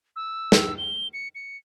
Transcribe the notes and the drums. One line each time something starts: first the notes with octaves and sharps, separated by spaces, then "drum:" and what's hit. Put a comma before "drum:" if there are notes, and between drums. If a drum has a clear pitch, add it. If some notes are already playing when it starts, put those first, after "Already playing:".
E6
drum: snare
G7
C#7
C#7